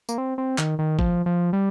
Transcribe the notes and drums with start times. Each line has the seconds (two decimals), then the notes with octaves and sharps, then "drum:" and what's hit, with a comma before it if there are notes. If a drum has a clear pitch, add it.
0.09 A#3, drum: tambourine
0.18 C4
0.38 C4
0.58 D#3, drum: clap
0.79 D#3
0.99 F3, drum: kick
1.26 F3
1.53 G3